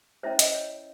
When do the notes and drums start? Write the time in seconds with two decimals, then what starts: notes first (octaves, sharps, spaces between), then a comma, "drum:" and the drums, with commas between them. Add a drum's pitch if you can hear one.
0.23 C#4 E4 C5 C#5 E5
0.39 D#5, drum: hi-hat
0.55 C#5